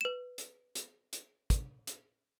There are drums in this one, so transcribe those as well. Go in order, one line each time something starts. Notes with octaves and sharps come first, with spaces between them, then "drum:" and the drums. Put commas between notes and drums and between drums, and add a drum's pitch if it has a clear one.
B4 E7
drum: hi-hat
drum: hi-hat
drum: hi-hat
drum: kick, hi-hat
drum: hi-hat